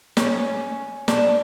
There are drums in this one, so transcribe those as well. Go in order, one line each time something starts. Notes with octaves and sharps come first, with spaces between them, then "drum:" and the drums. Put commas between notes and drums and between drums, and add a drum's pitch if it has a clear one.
C#4, drum: snare
D4, drum: snare